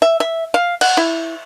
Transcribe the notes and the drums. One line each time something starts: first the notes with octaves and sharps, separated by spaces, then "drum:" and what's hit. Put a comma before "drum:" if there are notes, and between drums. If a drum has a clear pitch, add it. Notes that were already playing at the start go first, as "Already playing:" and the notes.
E5
E5
F5
F#5, drum: cymbal
E4